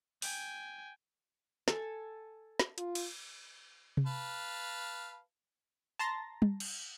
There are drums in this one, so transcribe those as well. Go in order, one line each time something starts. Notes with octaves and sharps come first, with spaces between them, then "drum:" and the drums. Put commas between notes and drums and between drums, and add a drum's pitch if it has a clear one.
G5 G#5, drum: open hi-hat
A4 G#5, drum: snare
drum: snare
F4, drum: hi-hat
drum: cymbal
drum: tom C3
B4 F5 A5
A5 A#5 C6 A6 A#6
drum: tom
drum: cymbal